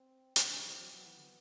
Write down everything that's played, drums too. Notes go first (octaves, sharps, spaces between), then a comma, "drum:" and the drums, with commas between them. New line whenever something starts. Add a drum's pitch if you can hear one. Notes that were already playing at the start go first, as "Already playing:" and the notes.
Already playing: C4
C3 C4, drum: hi-hat
D3
E3
F#3
F#3 B3
E3
D3